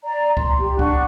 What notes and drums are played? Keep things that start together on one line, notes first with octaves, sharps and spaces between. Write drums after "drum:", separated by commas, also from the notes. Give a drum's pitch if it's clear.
D5 A#5
C6, drum: kick C#2
G4
D4 F#5 C#6 F#6, drum: kick C#2